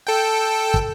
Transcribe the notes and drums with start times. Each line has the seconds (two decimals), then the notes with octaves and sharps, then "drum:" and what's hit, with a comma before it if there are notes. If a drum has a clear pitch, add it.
0.07 A4 G5
0.74 drum: kick